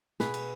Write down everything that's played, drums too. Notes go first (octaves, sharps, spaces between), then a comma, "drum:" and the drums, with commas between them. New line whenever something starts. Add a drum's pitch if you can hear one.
B2 G#4 B4, drum: snare
drum: cymbal